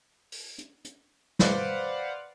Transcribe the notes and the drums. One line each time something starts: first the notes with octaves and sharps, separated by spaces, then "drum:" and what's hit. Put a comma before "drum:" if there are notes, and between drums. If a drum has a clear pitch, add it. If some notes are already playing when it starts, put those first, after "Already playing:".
drum: open hi-hat
drum: hi-hat
drum: hi-hat
B4 C5 D5 F5 F#5, drum: snare